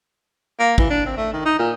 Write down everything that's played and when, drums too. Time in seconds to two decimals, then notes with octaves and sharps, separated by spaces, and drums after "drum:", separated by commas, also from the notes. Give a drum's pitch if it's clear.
0.59 A#3
0.78 E3, drum: kick
0.90 D4
1.06 C4
1.17 A3
1.33 D#3
1.45 D#4
1.59 A#2